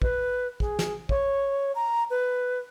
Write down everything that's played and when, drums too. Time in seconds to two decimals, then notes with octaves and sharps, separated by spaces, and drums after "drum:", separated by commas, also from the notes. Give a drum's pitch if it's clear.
0.02 B4, drum: kick
0.60 G#4, drum: kick
0.79 drum: snare
1.09 C#5, drum: kick
1.75 A#5
2.10 B4